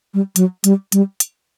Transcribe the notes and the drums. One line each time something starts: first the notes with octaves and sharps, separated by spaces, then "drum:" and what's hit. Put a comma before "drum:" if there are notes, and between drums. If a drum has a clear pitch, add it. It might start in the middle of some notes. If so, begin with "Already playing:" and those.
G3
F#3, drum: hi-hat
G3, drum: hi-hat
G3, drum: hi-hat
drum: hi-hat